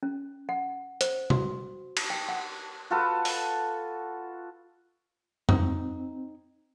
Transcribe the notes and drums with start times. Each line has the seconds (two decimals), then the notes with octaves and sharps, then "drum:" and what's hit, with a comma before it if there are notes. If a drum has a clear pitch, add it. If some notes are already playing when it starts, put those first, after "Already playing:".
0.03 C#4
0.49 F#5
1.01 C5, drum: hi-hat
1.30 F#4, drum: tom
1.97 drum: cymbal
2.10 G5
2.29 F#5
2.90 F4 F#4 A4 B4
3.25 drum: open hi-hat
5.49 C4 D#4, drum: tom F2